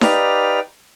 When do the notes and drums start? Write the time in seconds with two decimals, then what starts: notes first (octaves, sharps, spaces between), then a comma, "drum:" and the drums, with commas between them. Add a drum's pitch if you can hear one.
0.01 D#4 G4 B4 D5 F5 A#5, drum: snare D#4